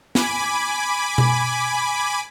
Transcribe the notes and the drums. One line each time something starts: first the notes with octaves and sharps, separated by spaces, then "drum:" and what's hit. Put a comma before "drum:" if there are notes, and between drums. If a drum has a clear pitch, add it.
G#5 B5 D6, drum: snare
drum: tom B2